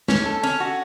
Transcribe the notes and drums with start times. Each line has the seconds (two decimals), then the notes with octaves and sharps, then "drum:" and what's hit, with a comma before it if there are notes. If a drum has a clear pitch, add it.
0.08 C#4, drum: snare
0.25 A4
0.43 C#4, drum: cymbal
0.60 F#4